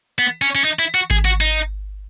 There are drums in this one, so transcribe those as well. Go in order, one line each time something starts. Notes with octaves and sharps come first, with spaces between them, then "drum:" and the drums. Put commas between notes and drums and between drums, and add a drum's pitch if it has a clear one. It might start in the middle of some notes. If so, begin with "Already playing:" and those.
B3
C#4
C#4
D#4
E4
F#4
G#4, drum: kick G#1
F#4
D#4